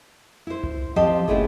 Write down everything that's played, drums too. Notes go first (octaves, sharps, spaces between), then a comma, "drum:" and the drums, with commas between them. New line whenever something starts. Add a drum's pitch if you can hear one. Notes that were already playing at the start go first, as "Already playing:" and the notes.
E4 C5
drum: tom C2
F3 C4 G4 D#5 F5 A5
B2 A3 C#4 E4 G#4, drum: kick